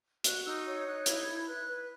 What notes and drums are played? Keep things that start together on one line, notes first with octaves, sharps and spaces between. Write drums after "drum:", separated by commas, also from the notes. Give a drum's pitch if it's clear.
F#4 F#6, drum: hi-hat
D#4 E6
C#5 E6
D#4 F#6
E4 G#6, drum: hi-hat
E4
B4 F#6
B4